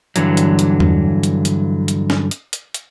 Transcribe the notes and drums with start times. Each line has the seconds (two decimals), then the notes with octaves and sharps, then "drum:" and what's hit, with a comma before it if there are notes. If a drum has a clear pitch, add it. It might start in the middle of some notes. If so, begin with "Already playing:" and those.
0.16 G2 A#2 D3 E3 F#3, drum: hi-hat
0.37 drum: hi-hat
0.59 drum: hi-hat
0.80 drum: tom E2
1.23 drum: hi-hat
1.45 drum: hi-hat
1.88 drum: hi-hat
2.10 drum: snare
2.31 drum: hi-hat
2.53 drum: hi-hat
2.74 drum: hi-hat